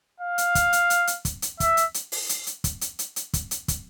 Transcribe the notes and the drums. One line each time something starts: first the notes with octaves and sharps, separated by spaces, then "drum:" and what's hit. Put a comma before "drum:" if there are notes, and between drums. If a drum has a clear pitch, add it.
F5
drum: hi-hat
drum: kick, hi-hat
drum: hi-hat
drum: hi-hat
drum: hi-hat
drum: kick, hi-hat
drum: hi-hat
E5, drum: kick, hi-hat
drum: hi-hat
drum: hi-hat
drum: open hi-hat
drum: hi-hat
drum: hi-hat
drum: kick, hi-hat
drum: hi-hat
drum: hi-hat
drum: hi-hat
drum: kick, hi-hat
drum: hi-hat
drum: kick, hi-hat